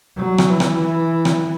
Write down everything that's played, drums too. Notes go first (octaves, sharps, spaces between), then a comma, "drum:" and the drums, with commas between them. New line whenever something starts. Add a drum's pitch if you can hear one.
F#3
drum: rim click
E3
drum: rim click
drum: rim click